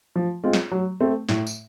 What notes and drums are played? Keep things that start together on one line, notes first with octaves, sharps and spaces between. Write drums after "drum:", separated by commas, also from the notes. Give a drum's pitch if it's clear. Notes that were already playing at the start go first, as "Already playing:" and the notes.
F3
G#3 C4 F4
drum: snare
F#3
A3 C4
A2, drum: snare
drum: tambourine